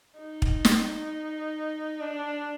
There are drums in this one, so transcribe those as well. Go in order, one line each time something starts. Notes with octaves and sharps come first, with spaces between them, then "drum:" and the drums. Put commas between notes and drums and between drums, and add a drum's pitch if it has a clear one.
D#4
drum: kick
drum: snare
D4